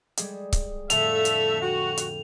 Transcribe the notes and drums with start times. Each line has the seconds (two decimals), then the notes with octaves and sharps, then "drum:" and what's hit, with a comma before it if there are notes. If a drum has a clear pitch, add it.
0.17 G3 G#3 G#4, drum: hi-hat
0.53 drum: kick C#1, hi-hat
0.90 F2 A2 D3 A3 E5 F7, drum: hi-hat
1.25 drum: hi-hat
1.61 F#4 G5 G6
1.97 drum: hi-hat